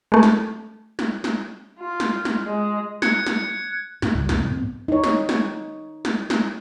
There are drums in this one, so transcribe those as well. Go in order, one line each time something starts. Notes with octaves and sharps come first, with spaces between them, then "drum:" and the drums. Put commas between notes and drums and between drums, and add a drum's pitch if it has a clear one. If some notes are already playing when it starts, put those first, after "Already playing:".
G#3 A3
drum: snare
drum: snare
drum: snare
F4
drum: snare
drum: snare
G#3
F#6 G#6 C#7, drum: snare
drum: snare
G#2, drum: snare
C#2 G3
C2 F2 C3, drum: snare
G#2 B3 C4
D#4 C#5
drum: snare
drum: snare
drum: snare
drum: snare